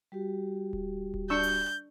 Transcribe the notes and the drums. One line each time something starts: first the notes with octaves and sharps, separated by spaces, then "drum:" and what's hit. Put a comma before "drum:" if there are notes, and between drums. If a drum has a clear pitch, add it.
G3 F#4 G4
drum: kick D1
drum: kick D1
D4 C#6 E6 G6
drum: open hi-hat